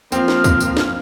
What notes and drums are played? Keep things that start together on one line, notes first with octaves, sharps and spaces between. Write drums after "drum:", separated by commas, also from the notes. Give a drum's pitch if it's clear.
F3 A#3 C4 F6, drum: tambourine
drum: snare
drum: kick, tambourine
drum: tambourine
drum: snare